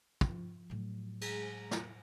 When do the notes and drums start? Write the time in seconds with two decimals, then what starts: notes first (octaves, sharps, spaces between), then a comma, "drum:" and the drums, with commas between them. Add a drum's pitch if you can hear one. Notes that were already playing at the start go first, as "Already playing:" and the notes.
0.21 F3, drum: kick
0.70 A2 F#3
1.21 G#3 G#4 A#5, drum: cymbal
1.71 drum: snare